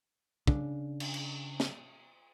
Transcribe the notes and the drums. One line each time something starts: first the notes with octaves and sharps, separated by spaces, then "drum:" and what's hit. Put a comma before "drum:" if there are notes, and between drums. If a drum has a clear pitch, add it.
C#3 D4, drum: kick
drum: cymbal
drum: cymbal
drum: snare